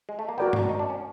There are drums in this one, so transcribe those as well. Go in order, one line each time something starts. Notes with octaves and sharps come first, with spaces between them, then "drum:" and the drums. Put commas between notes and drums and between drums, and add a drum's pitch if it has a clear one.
G#3
A3
A#3
B3 F#4 A#4 D5 G5
A#3, drum: tom
D4
D#4
D4
C#4